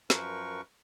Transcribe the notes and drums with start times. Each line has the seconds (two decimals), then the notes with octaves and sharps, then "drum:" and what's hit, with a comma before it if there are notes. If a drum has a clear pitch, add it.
0.10 F#2 F3 A#4 B4 C#6, drum: snare